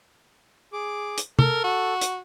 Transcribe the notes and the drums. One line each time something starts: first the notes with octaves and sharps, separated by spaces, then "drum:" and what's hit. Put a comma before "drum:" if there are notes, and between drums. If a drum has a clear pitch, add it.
G#4 D6
drum: hi-hat
A4 A#4, drum: tom
F#4
drum: hi-hat